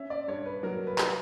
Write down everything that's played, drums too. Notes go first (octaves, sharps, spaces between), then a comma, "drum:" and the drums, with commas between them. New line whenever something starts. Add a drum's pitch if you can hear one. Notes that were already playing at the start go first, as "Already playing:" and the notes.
Already playing: C#4 E5
D5
G2 C#5
B4
F#3 A#4
B4
drum: clap